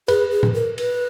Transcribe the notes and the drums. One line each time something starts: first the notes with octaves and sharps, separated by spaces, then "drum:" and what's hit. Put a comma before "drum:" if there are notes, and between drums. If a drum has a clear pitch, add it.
G#4 B4, drum: cymbal
G#4
drum: tom A2
A#4
B4, drum: cymbal